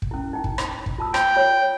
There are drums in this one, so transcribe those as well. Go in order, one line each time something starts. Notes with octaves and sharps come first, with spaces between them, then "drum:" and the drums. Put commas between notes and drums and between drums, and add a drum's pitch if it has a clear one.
drum: kick
C#4 E4
D#4 G5
drum: kick
drum: rim click
drum: kick
F4 A5 E6
G5, drum: rim click
F4 C#5